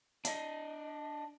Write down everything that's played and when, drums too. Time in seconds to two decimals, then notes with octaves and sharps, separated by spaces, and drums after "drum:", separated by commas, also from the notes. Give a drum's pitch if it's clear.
0.25 D4 D#5, drum: hi-hat